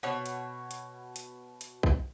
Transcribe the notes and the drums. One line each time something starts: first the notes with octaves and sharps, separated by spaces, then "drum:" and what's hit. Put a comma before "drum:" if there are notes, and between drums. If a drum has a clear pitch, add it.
B2 C#5
drum: hi-hat
drum: hi-hat
drum: hi-hat
drum: hi-hat
drum: kick